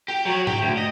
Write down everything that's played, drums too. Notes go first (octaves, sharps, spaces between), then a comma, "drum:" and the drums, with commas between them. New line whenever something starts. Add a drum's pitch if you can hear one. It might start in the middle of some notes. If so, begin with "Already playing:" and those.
G4
F#3 C#5
G4, drum: tom G#2
D2
D#5